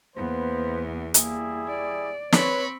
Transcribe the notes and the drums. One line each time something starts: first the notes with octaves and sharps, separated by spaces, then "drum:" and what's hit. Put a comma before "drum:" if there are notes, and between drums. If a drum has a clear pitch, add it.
E2 A#3 B3 B4 C5
G3 A#3 E4 G#4, drum: hi-hat
D5
C4 B4 C#5 B5 C#6, drum: snare